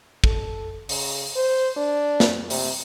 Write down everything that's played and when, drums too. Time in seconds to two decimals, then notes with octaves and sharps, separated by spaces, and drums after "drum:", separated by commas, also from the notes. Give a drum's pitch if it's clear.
0.24 A4, drum: kick
0.89 C#3, drum: open hi-hat
1.35 C5
1.77 D4
2.20 drum: snare
2.50 C3, drum: open hi-hat